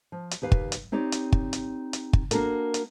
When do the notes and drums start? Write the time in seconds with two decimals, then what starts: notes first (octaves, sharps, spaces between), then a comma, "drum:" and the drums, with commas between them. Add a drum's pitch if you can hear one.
0.12 F3
0.31 drum: hi-hat
0.42 D#2 G4 B4 F5
0.52 drum: kick
0.72 drum: hi-hat
0.92 C4 D#4 G4 C#5 D5
1.12 drum: hi-hat
1.32 drum: kick
1.53 drum: hi-hat
1.93 drum: hi-hat
2.13 drum: kick
2.31 A#3 D4 F#4 A4 A#4, drum: hi-hat
2.74 drum: hi-hat